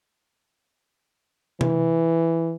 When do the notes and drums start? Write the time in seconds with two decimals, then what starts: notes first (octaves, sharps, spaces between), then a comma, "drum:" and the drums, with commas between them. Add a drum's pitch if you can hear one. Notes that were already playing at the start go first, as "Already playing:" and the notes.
1.61 E3, drum: tom C3